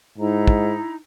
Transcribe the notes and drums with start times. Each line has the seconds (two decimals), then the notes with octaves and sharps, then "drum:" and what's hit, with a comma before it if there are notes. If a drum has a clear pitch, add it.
0.18 G#2 D#4 E4 A#5
0.47 drum: kick